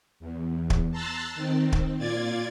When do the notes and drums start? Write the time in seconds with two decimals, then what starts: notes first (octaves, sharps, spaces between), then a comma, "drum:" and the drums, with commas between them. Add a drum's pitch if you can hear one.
0.20 E2
0.70 drum: kick
0.91 A5 A#5 C6 E6 F#6 A6
1.35 D#3 C4
1.72 drum: kick
1.98 A#2 F4 D5 G#6 A6